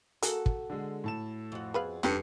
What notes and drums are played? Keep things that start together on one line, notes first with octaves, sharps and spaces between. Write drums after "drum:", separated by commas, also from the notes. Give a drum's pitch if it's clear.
A#3 F#4 G#4 A4, drum: hi-hat
drum: kick
D3 G#3
A2 A5 E7
F2 F#4
B3 G#4 B4 F5
F1 G2 C#4 G4 C7 C#7, drum: snare